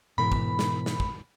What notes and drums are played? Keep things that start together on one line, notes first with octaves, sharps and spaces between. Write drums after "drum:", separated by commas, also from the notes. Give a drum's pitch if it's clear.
G#2 B2 E3 A#4 B5
drum: kick
drum: snare
drum: snare
drum: kick